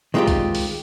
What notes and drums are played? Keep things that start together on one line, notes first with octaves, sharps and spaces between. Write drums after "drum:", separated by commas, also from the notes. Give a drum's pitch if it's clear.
D#3 G#3 C4 D#4 F4 G4
drum: kick C2, hi-hat
drum: open hi-hat